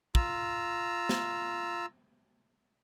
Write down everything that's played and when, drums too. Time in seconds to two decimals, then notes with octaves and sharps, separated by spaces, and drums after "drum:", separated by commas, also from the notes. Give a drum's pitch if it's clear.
0.15 F4 A#5 E6, drum: kick
1.09 drum: snare